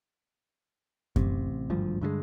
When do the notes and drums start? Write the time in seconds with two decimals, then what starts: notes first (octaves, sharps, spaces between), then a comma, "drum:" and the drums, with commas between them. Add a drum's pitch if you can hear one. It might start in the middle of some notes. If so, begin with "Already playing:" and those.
1.16 A1 C3, drum: kick F#2
1.70 G#1 D2 G2 F3
2.01 G2 D3 F3 G#3